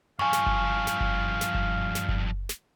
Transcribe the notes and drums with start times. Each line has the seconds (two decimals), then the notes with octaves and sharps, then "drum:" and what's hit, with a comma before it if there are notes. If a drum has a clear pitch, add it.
0.19 G2 F3 F5 G#5 C#6
0.33 drum: snare
0.46 drum: kick F#1
0.87 drum: snare
1.00 drum: kick F#1
1.41 drum: snare
1.55 drum: kick F#1
1.95 drum: snare
2.09 drum: kick F#1
2.49 drum: snare